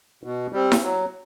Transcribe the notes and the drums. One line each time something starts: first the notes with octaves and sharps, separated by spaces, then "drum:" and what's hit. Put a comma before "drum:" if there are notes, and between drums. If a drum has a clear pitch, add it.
B2
G3 C4
drum: snare E4
F#3